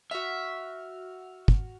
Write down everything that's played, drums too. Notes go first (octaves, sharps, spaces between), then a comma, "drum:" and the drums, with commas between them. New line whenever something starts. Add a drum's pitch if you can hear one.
F#4 E5 F6
drum: kick